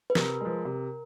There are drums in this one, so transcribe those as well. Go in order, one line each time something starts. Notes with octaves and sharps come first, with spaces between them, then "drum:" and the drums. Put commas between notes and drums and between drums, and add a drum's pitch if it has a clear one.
B4
C3 A#4, drum: snare
F3 G#3
C3